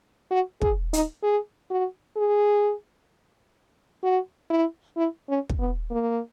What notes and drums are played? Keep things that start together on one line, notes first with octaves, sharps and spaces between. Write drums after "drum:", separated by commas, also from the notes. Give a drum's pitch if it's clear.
F#4
G#4, drum: kick
D#4, drum: hi-hat
G#4
F#4
G#4
F#4
E4
E4
C#4
drum: kick
B3
A#3